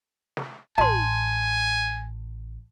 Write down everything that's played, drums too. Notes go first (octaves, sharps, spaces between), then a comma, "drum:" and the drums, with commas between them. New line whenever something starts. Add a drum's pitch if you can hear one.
drum: snare
A1 G#5 A5 C6, drum: tom